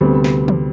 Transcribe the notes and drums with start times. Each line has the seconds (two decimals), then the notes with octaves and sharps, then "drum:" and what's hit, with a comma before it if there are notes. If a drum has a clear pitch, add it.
0.01 D2 C3 G3 B3
0.24 drum: snare
0.48 drum: tom